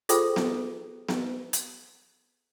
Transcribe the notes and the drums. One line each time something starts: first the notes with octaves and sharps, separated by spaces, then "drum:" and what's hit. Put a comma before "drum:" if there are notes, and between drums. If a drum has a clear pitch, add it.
F4 G#4 A4 C5 G5, drum: hi-hat
drum: snare B3
drum: snare B3
drum: hi-hat